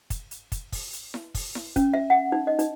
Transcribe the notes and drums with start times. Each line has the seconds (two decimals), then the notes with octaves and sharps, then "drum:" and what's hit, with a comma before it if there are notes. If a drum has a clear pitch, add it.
0.10 drum: kick, hi-hat
0.31 drum: hi-hat
0.52 drum: kick, hi-hat
0.72 drum: kick, open hi-hat
0.93 drum: hi-hat
1.14 drum: snare E4
1.35 drum: kick, open hi-hat
1.55 drum: snare E4
1.76 C#4, drum: kick, hi-hat
1.94 E5
2.10 F#5
2.32 D#4
2.47 D#5
2.59 D#4, drum: hi-hat